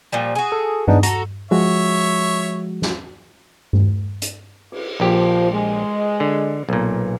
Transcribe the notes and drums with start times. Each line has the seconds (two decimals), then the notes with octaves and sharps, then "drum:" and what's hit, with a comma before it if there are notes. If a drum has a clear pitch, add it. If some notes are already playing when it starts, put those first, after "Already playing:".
0.12 A#2 F3 G3
0.35 F#4 G#4
0.52 A4
0.88 B3 D4 D#4, drum: tom G2
1.03 F#4 A4 A#5, drum: hi-hat
1.51 F3 G#3 F#4 C#5 E5 C#6
2.82 drum: snare
3.73 drum: tom G2
4.22 drum: hi-hat
4.72 drum: cymbal
5.00 A#1 F3 G4
5.51 G#3
6.20 D3
6.69 B1 A#2